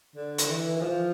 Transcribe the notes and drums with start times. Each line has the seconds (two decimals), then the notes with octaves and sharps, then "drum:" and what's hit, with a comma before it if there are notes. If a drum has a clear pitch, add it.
0.16 D3
0.38 drum: hi-hat
0.48 E3
0.76 E3
0.81 F3